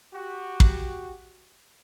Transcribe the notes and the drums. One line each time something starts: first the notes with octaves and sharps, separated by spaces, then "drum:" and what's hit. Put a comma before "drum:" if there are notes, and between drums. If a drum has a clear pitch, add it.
F#4 G4
drum: kick